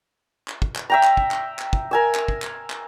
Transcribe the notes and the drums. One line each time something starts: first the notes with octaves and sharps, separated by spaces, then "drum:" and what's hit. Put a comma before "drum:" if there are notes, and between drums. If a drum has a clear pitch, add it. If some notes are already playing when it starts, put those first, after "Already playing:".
drum: clap
drum: kick
drum: clap
E5 G5 A#5
drum: clap
drum: kick
drum: clap
drum: clap
drum: kick
A#4 G#5 E6
drum: clap
drum: kick
drum: clap
drum: clap